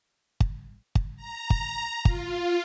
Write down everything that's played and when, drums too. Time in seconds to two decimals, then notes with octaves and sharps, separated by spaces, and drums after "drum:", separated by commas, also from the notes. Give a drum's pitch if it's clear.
0.40 drum: kick
0.95 drum: kick
1.16 A#5
1.50 drum: kick
2.05 F4, drum: kick